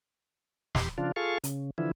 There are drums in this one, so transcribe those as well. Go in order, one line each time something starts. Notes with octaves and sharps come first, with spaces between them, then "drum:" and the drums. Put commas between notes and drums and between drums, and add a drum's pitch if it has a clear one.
E2 G4 C6, drum: snare
C#3 F3 D4 F4
F4 G#4 A4 F5 C#6
C#3, drum: hi-hat
D3 E3 F3 E4